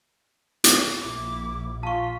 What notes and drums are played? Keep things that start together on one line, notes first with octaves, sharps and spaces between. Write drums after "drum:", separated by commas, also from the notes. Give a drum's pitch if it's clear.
drum: hi-hat
A#1 E4 D6
F4 A5 C#6 B6